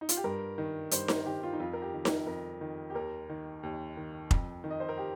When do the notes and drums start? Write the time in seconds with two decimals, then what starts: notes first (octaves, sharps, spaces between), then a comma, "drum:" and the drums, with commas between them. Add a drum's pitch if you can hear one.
0.01 D#4
0.09 F4, drum: hi-hat
0.17 G4
0.24 G2 A#4
0.58 D#3
0.91 G2 C5, drum: hi-hat
1.08 A#4, drum: snare D#4
1.25 D#3 G4
1.43 F4
1.53 D#4
1.60 F2 F4
1.73 A#4
1.82 G4
1.93 D#3
2.05 A#4, drum: snare D#4
2.27 F2 A#4
2.61 D#3
2.90 G4
2.94 D#2 A#4
3.29 D#3
3.63 D#2
3.97 D#3
4.31 F2, drum: kick F1
4.64 D#3
4.70 D#5
4.80 C5
4.89 A#4
4.98 G4